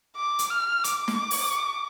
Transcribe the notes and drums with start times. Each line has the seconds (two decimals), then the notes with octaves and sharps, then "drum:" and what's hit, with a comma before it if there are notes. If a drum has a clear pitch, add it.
0.16 D6
0.39 drum: hi-hat
0.50 F6
0.84 D6, drum: hi-hat
1.08 drum: snare
1.31 drum: open hi-hat